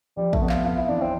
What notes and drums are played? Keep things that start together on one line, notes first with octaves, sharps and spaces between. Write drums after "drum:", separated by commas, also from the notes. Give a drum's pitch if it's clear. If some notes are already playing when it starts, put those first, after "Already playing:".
F3 G3
A3, drum: kick A1
B3
F4, drum: clap
F2 F4
E4
E3 D4
C4